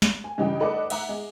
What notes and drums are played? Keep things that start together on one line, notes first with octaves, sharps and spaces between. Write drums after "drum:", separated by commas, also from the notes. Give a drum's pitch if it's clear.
drum: snare
G#5
G2 C#3 E3 D#4 G4
D#4 A4 B4 D5 F#5 D6
E5 F#5 A#5, drum: cymbal
G#3